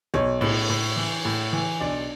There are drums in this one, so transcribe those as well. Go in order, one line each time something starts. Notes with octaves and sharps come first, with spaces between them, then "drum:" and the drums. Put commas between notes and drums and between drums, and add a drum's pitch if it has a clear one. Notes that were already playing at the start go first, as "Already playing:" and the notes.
B1 C#5, drum: tom
A2, drum: cymbal
A2
E3
A2
E3
B1 D4 D5